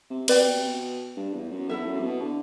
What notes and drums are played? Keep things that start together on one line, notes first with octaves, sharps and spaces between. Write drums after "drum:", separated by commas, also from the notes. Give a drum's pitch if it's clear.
C3
B2 B4 D5 G5, drum: cymbal
C3
B2
C3
B2
G2
E2
F#2
E2 E4 A4 E5
F#2
C3
B2
D3